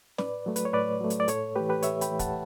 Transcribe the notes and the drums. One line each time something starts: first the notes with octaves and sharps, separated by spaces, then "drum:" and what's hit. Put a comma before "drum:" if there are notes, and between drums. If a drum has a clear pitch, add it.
A2 B4 D5, drum: snare
F#3 A3
B4, drum: hi-hat
C#5
A2 B4 D5
F#3 A3
drum: hi-hat
D5
A2 A4 C#5, drum: hi-hat
E3 A3 G4 B4
G4 B4
A2 C#5 E5, drum: hi-hat
G5 B5, drum: hi-hat
E3 A3
F#5 A5, drum: kick, hi-hat